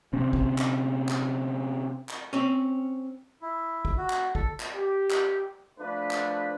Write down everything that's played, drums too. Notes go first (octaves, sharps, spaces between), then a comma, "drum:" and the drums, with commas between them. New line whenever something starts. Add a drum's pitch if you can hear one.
C3 C4 C#4
drum: kick
drum: clap
drum: clap
drum: clap
C4 C#4
E4
drum: kick
F#4
drum: clap
A4, drum: kick
drum: clap
G4
drum: clap
F3 A3 D4 B4
drum: clap